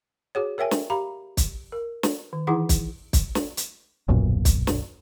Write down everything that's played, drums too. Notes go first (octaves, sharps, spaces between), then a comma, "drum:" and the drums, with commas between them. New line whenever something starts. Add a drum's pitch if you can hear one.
F#4 G#4 C#5
A#4 C#5 E5 G5 G#5
drum: snare
G4 F5 A#5 B5
drum: kick, hi-hat
A#4
drum: snare
D#3
E3 D#4 E4 G#4 F#5 D6
drum: kick, hi-hat
drum: kick, hi-hat
drum: snare
drum: hi-hat
D#1 B1 F#2 A#2
drum: kick, hi-hat
drum: snare